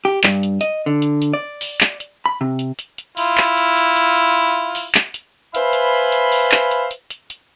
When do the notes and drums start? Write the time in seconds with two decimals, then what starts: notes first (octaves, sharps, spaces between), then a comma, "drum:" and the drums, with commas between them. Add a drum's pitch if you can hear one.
0.05 G4
0.24 G2, drum: clap
0.43 drum: hi-hat
0.61 D#5, drum: hi-hat
0.86 D3
1.02 drum: hi-hat
1.22 drum: hi-hat
1.34 D5
1.61 drum: open hi-hat
1.81 drum: clap
2.00 drum: hi-hat
2.26 B5
2.41 C3
2.59 drum: hi-hat
2.79 drum: hi-hat
2.98 drum: hi-hat
3.17 E4 F4, drum: open hi-hat
3.38 drum: clap
3.57 drum: hi-hat
3.77 drum: hi-hat
3.96 drum: hi-hat
4.16 drum: hi-hat
4.75 drum: open hi-hat
4.95 drum: clap
5.14 drum: hi-hat
5.55 B4 C5 E5 F5 G#5 B5, drum: hi-hat
5.73 drum: hi-hat
6.12 drum: hi-hat
6.32 drum: open hi-hat
6.52 drum: clap
6.71 drum: hi-hat
6.91 drum: hi-hat
7.10 drum: hi-hat
7.30 drum: hi-hat